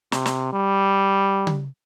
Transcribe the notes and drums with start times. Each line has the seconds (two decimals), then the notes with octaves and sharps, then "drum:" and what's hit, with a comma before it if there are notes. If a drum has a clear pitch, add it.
0.12 C3, drum: snare
0.26 drum: snare
0.53 G3
1.47 drum: tom C#3